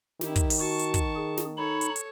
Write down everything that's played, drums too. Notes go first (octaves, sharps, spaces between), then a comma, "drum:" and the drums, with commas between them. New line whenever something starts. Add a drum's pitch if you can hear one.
D#3 E4 G4, drum: snare
drum: kick, hi-hat
drum: open hi-hat
F#4 A5 C#6
drum: hi-hat
drum: kick, hi-hat
G#4
drum: snare
D#4 A4 C#5 B5
drum: hi-hat
drum: hi-hat